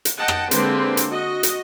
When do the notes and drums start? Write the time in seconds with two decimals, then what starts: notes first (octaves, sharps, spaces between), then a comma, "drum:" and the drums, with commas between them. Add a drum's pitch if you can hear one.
0.05 drum: hi-hat
0.17 D#5 F#5 G5 A5
0.28 drum: rim click
0.51 D3 G#3 A#3 C4 G4 B4, drum: hi-hat
0.97 drum: hi-hat
1.06 F#4 D#5
1.43 drum: hi-hat